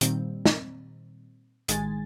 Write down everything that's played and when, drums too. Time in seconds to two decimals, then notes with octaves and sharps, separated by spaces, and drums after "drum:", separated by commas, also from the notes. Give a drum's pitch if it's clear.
0.01 A#2 D#3 G3 C4, drum: hi-hat
0.46 drum: snare
1.68 A1 D#3 G#3 G#5 A6, drum: hi-hat